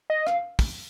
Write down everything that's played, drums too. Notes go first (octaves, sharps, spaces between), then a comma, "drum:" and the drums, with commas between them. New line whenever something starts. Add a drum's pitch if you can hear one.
D#5
F5, drum: rim click
drum: kick, open hi-hat